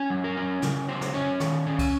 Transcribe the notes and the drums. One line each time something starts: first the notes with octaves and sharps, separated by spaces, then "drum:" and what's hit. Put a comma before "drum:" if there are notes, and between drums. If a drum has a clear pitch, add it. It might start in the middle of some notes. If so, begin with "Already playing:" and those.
Already playing: C#4 G#5
F#3
A#4
C#4
C#3 A#4, drum: snare
F#3 C5
drum: snare
C#4 C#5
D#3, drum: snare
C#4
drum: kick, cymbal